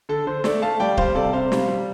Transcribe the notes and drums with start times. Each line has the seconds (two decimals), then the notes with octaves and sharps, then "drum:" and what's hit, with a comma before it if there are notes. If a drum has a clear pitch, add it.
0.09 D3 A4
0.27 D3 C5
0.44 A3 A4 D5, drum: snare
0.62 A3 F5 A5
0.80 G3 D5 G5
0.97 G3 C5 F5, drum: kick D1
1.15 C3 A4 D5
1.33 C3 C5 F5
1.52 G3, drum: snare
1.68 G3